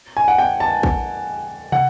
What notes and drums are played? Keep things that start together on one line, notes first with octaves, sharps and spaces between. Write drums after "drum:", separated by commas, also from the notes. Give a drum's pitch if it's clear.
G#5
F#5
G5
A5
drum: kick
F#5, drum: tom